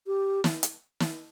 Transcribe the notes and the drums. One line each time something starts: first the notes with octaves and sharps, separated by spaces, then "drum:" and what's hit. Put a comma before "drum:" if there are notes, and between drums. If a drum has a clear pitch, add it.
G4
drum: snare
drum: hi-hat
drum: snare